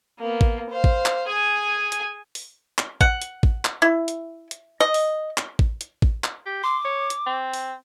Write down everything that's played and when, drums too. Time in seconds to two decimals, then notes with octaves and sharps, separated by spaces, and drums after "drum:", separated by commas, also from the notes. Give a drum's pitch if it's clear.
0.19 A#3 B3
0.41 drum: kick A1
0.69 C5 F5
0.84 drum: kick A1
1.06 drum: clap
1.27 G#4 G#5
1.92 drum: hi-hat
2.35 drum: open hi-hat
2.78 drum: clap
3.01 F#5, drum: kick A1
3.22 drum: hi-hat
3.43 drum: kick A1
3.65 drum: clap
3.82 E4
4.08 drum: hi-hat
4.51 drum: hi-hat
4.80 D#5
4.94 drum: open hi-hat
5.38 drum: clap
5.59 drum: kick A1
5.81 drum: hi-hat
6.02 drum: kick A1
6.24 drum: clap
6.46 G4
6.63 C6 D6
6.85 C#5
7.10 drum: hi-hat
7.27 C4
7.53 drum: open hi-hat